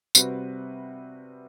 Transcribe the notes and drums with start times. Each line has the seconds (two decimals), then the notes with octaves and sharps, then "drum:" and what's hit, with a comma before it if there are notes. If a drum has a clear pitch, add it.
0.15 C3 G3 C4 F#4 B4, drum: tambourine